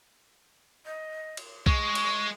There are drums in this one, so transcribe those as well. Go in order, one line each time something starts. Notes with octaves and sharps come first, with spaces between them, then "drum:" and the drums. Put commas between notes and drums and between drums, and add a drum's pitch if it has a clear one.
D#5
drum: cymbal
G#3 C#6, drum: kick B1
drum: cymbal